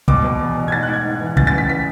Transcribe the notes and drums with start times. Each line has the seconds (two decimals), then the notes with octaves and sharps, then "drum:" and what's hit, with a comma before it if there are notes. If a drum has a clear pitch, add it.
0.08 B2 D6, drum: kick
0.24 B2
0.40 E2
0.57 B2
0.68 G#6
0.72 G#2 A6
0.83 F#6
0.89 G#2 G#6
1.05 G#2
1.21 E3
1.37 C#3 A6, drum: kick
1.47 A6
1.53 E3
1.58 B6
1.70 B6